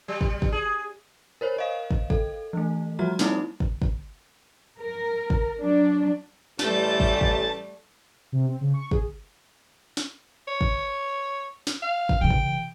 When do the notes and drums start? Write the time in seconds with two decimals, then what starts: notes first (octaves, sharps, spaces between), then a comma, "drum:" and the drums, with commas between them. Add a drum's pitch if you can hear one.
0.08 G3
0.21 drum: kick
0.42 drum: kick
0.52 G#4
1.41 A#4 C5 C#5
1.57 A#4 D#5 F5
1.91 drum: kick
2.10 A4, drum: kick
2.53 E3 A3
2.99 F3 G3 F#4 A#5
3.19 F3 G3 A#3 C4 D#4 E4, drum: snare
3.60 drum: kick
3.82 drum: kick
4.79 A#4
5.30 drum: kick
5.60 F#3 D4
6.59 A1 G3 A3 A5 G6, drum: snare
7.00 drum: kick
7.21 drum: kick
8.32 C3
8.49 C4
8.61 C#3
8.74 C#6
8.91 G#4, drum: kick
9.97 drum: snare
10.48 C#5
10.61 drum: kick
11.67 drum: snare
11.82 F5
12.09 drum: kick
12.21 C#3 E3 G5
12.31 drum: kick